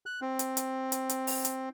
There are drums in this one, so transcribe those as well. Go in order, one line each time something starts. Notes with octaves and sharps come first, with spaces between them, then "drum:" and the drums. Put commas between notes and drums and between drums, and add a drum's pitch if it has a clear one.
F#6
C4
drum: hi-hat
drum: hi-hat
drum: hi-hat
drum: hi-hat
drum: open hi-hat
drum: hi-hat